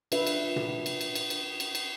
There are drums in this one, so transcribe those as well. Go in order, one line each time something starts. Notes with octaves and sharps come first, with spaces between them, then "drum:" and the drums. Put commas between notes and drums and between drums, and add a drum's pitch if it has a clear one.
D4 F4 A#4 B4 E5, drum: cymbal
drum: cymbal
drum: tom
drum: cymbal
drum: cymbal
drum: cymbal
drum: cymbal
drum: cymbal
drum: cymbal